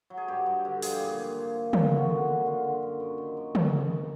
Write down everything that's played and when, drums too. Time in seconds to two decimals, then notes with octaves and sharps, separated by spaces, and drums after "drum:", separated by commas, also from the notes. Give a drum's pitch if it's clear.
0.10 F#3
0.17 G#4
0.28 G2 G4
0.46 G2
0.65 D3
0.82 F3 G#4, drum: open hi-hat
0.92 G4
1.01 A#2 G#4
1.19 A#2
1.37 F3
1.55 F3
1.73 A#2, drum: tom
1.91 D3 F#4
2.10 F#2
2.28 F#3
2.46 D3 F4
2.64 D3
2.83 F#2
3.00 F#2
3.18 D#3
3.37 F#2
3.55 F#2 D#4, drum: tom
3.73 F#2